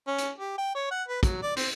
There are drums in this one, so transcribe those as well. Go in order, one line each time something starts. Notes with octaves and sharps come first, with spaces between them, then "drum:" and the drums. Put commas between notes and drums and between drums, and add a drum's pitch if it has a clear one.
C#4
drum: hi-hat
G4
G5
C#5
F#5
B4
F#3, drum: kick, hi-hat
D5
C4, drum: open hi-hat